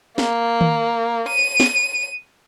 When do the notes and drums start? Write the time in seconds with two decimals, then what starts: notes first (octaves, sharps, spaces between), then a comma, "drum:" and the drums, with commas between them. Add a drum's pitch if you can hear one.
0.18 A#3, drum: snare
0.61 drum: tom D#3
1.28 D#7
1.60 drum: snare